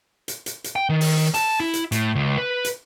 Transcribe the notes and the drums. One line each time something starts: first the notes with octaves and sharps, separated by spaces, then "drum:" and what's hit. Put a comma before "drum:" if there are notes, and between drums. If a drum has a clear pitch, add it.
drum: hi-hat
drum: hi-hat
drum: hi-hat
G5
D#3
drum: open hi-hat
A5, drum: hi-hat
E4
drum: hi-hat
A2, drum: hi-hat
C#2
B4
drum: hi-hat